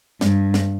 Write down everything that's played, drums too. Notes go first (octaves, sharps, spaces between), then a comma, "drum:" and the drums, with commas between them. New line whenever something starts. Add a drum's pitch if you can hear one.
G2, drum: snare
drum: snare